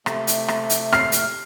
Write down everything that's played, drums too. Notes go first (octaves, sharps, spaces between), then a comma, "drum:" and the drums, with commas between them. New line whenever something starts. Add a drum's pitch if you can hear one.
C3 A3, drum: rim click
drum: hi-hat
drum: rim click
drum: hi-hat
F6 C7, drum: rim click
drum: hi-hat